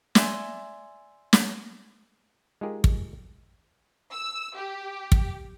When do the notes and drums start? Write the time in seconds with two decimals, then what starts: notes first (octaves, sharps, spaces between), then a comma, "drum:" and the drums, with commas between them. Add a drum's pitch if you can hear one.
0.15 D5 E5 G#5 C6, drum: snare
1.33 drum: snare
2.61 G#3 D#4 F4 G4 G#4 A#4
2.84 drum: kick
4.11 E6
4.55 G4
5.12 drum: kick